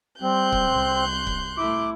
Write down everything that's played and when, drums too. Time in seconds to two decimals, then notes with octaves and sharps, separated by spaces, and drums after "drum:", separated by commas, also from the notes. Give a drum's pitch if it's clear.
0.22 G3 C4 C6 F#6 G6
0.52 drum: kick C#1
0.71 C2
1.27 drum: kick C#1
1.58 A3 E4 D6